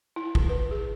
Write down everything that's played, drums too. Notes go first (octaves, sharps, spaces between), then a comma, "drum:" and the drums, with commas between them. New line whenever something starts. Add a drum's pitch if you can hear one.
E4
drum: kick
B4
G#4